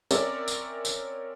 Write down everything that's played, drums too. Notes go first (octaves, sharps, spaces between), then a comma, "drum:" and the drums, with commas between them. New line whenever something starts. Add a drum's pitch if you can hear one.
C4 C#4 A#4 C#5 D5 E5, drum: tambourine
drum: tambourine
drum: tambourine